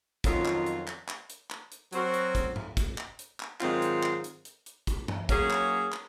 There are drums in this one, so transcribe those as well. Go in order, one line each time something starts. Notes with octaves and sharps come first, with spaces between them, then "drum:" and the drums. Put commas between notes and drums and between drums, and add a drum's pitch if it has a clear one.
F2 D#3 F#3 C#4 F4, drum: kick, hi-hat
drum: clap
drum: hi-hat
drum: clap
drum: clap
drum: hi-hat
drum: clap
drum: hi-hat
F#3 C4 F#4 A#4, drum: hi-hat
drum: hi-hat
drum: kick, hi-hat
drum: tom G#2
drum: kick, hi-hat
drum: clap
drum: hi-hat
drum: clap
G#2 D#3 F#3 C4 F4, drum: clap
drum: hi-hat
drum: clap
drum: hi-hat
drum: hi-hat
drum: hi-hat
drum: kick, hi-hat
drum: tom G2
F#3 A#3 C#4 G#4, drum: kick, hi-hat
drum: clap
drum: clap